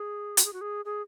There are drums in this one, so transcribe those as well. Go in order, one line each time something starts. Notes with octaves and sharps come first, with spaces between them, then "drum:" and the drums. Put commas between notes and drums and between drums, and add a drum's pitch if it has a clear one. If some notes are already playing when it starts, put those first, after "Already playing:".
Already playing: G#4
F#4, drum: hi-hat
G#4
F#4
G#4
G#4